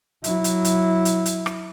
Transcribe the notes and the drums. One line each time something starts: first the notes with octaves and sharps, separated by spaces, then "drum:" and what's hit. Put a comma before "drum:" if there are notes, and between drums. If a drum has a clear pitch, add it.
F#3 E4, drum: hi-hat
drum: hi-hat
drum: hi-hat
drum: hi-hat
drum: hi-hat
drum: rim click